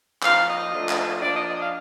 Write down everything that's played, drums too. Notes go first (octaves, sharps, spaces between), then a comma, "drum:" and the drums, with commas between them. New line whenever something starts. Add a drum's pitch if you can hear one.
F3 A#3 D#4 F5, drum: clap
D#5
F3 A3 D4 F4
drum: clap
F3 A#3 D4 D5
D#5
D#5
F5